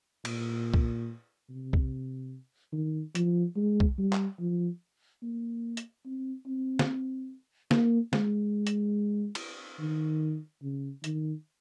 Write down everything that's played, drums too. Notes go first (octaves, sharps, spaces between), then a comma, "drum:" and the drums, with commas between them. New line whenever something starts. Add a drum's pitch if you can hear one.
A#2, drum: cymbal
drum: kick B1
C3
drum: kick B1
D#3
F3, drum: hi-hat
G#3
drum: kick B1
G3
drum: clap
F3
A#3
drum: hi-hat
C4
C4
drum: snare
A#3, drum: snare
G#3, drum: snare
drum: hi-hat
drum: cymbal
D#3
C#3
D#3, drum: hi-hat